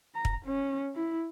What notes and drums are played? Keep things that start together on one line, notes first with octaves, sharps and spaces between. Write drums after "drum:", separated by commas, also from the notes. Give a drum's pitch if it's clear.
A#5
drum: kick
C#4
E4